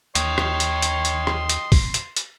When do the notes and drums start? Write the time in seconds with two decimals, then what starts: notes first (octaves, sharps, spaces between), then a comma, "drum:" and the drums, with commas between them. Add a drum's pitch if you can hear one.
0.15 D#2 C#5 D#5 G5 C6, drum: hi-hat
0.38 drum: rim click
0.60 drum: hi-hat
0.82 drum: hi-hat
1.05 drum: hi-hat
1.27 drum: rim click
1.49 drum: hi-hat
1.72 drum: kick, open hi-hat
1.94 drum: hi-hat
2.17 drum: hi-hat